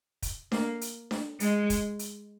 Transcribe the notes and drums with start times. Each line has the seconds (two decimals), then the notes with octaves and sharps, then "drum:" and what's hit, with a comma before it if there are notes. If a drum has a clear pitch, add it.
0.22 drum: kick, hi-hat
0.52 A#3, drum: snare D4
0.81 drum: hi-hat
1.11 drum: snare D4
1.40 G#3, drum: hi-hat
1.70 drum: kick, hi-hat
1.99 drum: hi-hat